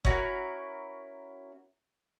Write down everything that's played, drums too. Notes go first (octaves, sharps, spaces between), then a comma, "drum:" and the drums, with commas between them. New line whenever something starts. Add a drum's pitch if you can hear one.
C#4 E4 F#4 A#4, drum: kick F#1